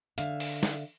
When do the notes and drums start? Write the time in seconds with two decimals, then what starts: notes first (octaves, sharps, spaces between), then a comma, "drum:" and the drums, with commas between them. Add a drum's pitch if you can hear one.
0.18 D3 E5 F5, drum: hi-hat
0.40 drum: open hi-hat
0.63 drum: snare